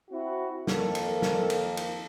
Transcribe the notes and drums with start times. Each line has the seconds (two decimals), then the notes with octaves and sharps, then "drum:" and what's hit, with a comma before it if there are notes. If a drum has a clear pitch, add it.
0.11 C4 E4 F#4
0.67 F2 D#3 A#3 A4, drum: snare
0.95 drum: cymbal
1.22 drum: snare
1.50 drum: cymbal
1.77 drum: cymbal